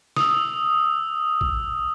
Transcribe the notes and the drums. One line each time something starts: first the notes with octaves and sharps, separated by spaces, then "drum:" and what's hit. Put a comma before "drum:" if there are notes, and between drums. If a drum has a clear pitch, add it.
D#6 E6, drum: snare
drum: kick A1